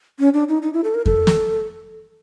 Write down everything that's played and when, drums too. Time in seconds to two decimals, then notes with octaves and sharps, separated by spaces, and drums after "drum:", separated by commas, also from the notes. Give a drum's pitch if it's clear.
0.19 C#4
0.34 D4
0.49 D#4
0.62 D#4
0.74 E4
0.84 A4
0.94 A#4
1.06 A4, drum: kick F2
1.27 drum: snare